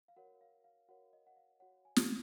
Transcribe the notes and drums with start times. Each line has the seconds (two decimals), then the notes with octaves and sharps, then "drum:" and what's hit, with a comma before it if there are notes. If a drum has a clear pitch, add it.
0.08 F5
0.16 F#4 A#4 C#5 F#5
0.41 F5
0.64 F5
0.89 F#4 A#4 C#5 F#5
1.13 D#5
1.27 F#5
1.37 F5
1.60 F#4 C#5 F#5
1.85 G#5
1.96 drum: snare